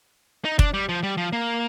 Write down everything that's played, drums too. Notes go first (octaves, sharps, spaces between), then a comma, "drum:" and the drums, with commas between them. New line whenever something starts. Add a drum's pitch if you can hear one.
D#4
D4, drum: kick
G3
F3
G3
F3
A#3